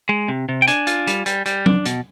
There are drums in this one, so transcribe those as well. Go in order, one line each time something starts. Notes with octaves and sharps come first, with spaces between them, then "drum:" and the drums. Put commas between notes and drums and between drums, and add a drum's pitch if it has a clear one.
G#3
C3
C3
G5
D4 G#5, drum: hi-hat
F4, drum: hi-hat
G3, drum: hi-hat
G3, drum: hi-hat
G3, drum: hi-hat
D4, drum: tom F#3
B2, drum: hi-hat